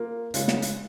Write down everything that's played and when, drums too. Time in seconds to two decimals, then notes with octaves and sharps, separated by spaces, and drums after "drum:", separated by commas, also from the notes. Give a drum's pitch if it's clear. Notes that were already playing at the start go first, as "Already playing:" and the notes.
Already playing: A#3 F4
0.34 C#3 G#3 F4, drum: hi-hat
0.48 drum: snare
0.62 drum: hi-hat